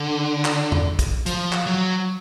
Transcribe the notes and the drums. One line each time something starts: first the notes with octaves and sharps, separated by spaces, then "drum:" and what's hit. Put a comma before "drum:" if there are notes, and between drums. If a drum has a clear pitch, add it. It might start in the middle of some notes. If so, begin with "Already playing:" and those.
Already playing: D3
drum: clap
drum: tom E2
drum: kick, hi-hat
F3, drum: hi-hat
drum: clap
F#3